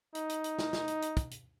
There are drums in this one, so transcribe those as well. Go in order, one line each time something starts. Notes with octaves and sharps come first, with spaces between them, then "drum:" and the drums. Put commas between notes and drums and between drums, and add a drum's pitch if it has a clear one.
D#4, drum: hi-hat
drum: hi-hat
drum: hi-hat
drum: snare
drum: snare
drum: hi-hat
drum: hi-hat
drum: kick, hi-hat
drum: hi-hat